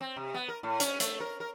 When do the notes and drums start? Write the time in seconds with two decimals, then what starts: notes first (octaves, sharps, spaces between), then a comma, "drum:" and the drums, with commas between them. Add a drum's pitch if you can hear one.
0.01 C4
0.16 C3
0.34 B3
0.48 A#4
0.63 A2
0.80 C#4, drum: hi-hat
1.00 A3, drum: hi-hat
1.20 A#4
1.40 A#4